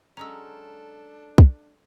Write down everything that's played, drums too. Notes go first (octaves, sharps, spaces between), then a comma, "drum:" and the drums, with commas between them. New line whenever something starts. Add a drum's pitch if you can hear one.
F#3 G#3 C#4 D4 A4 A#5 E6
drum: kick